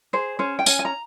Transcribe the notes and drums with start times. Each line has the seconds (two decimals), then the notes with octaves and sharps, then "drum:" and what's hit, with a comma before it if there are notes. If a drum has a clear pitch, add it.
0.13 G#4 C5
0.39 C#4 C5
0.59 G5
0.66 C#4 G#5, drum: tambourine
0.79 G#5
0.85 A#5